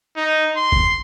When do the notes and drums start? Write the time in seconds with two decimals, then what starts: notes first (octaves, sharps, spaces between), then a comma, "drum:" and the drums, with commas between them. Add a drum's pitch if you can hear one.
0.17 D#4
0.56 C6
0.72 drum: kick G#1